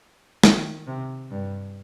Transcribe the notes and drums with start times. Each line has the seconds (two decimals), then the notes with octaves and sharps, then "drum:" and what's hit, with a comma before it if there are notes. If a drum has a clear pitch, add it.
0.44 D#3, drum: snare
0.87 C3
1.31 G2